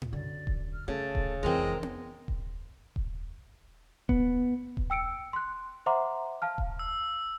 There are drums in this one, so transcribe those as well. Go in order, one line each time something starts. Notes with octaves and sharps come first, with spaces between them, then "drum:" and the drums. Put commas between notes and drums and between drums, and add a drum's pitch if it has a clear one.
drum: tom A2
F#2 D3 D5
drum: kick D#1
F6
C#3 A3 A4
drum: kick D#1
F1 E3 G#3 C4 A#4 A#5
drum: tom B3
drum: kick D#1
drum: kick D#1
B3, drum: kick D#1
drum: kick D#1
G5 E6 C#7 D7
C6 F#6
C5 E5 F#5 A#5 C6 D6
F5 A5 F6
drum: kick D#1
E6